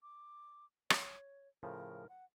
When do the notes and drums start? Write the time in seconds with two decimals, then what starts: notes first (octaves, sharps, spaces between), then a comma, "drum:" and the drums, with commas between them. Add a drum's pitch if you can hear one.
0.03 D6
0.90 C#5, drum: rim click
1.63 A2 C#3 F3 A#4
2.09 F#5